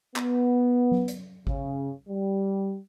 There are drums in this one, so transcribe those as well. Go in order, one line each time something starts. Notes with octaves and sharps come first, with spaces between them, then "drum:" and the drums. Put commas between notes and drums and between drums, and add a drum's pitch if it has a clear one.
B3, drum: clap
drum: tom F#3
drum: hi-hat
C#3, drum: kick G#1
G3